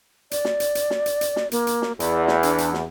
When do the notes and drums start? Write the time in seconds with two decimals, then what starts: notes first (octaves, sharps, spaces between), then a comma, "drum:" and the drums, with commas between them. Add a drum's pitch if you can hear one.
0.31 D5, drum: hi-hat
0.45 drum: snare
0.60 drum: hi-hat
0.75 drum: hi-hat
0.90 drum: snare
1.06 drum: hi-hat
1.21 drum: hi-hat
1.36 drum: snare
1.51 A#3, drum: hi-hat
1.67 drum: hi-hat
1.82 drum: snare
2.00 E2 D5, drum: hi-hat
2.28 drum: snare
2.43 D4, drum: hi-hat
2.58 drum: hi-hat
2.74 drum: snare